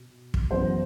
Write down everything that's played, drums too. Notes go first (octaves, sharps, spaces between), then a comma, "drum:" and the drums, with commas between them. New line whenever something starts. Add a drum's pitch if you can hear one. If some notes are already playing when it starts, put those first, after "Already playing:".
Already playing: B2
drum: kick
F#2 E3 B3 C5